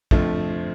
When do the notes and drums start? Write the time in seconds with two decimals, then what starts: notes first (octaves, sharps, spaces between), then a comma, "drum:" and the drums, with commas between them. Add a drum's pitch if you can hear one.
0.11 F2 D3 F3 A3 C4, drum: kick